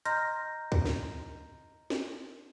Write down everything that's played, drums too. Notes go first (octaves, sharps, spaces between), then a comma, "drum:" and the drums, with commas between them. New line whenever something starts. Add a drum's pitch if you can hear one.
D#5 A#5 C6 F6 G6 A#6, drum: hi-hat
drum: kick
drum: snare
drum: snare